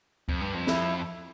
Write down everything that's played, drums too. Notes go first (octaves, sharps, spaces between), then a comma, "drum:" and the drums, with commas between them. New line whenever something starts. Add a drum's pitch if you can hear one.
F2, drum: kick C#2
G2
F2
E4, drum: snare